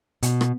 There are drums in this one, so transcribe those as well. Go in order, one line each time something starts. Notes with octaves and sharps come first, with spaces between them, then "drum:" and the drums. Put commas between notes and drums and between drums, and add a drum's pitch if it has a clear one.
B2, drum: hi-hat
drum: rim click